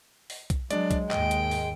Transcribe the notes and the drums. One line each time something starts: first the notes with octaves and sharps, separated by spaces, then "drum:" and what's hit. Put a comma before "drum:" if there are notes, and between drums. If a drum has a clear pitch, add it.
drum: open hi-hat
drum: kick B1, hi-hat
F#3 G#3 D4 D5, drum: hi-hat
drum: kick B1, hi-hat
D#2 G#2 D#5 G5, drum: clap
drum: hi-hat
drum: open hi-hat